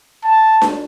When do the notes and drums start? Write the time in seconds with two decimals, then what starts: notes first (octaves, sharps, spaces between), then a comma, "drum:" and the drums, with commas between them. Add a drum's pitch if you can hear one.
0.24 A5
0.62 drum: snare D4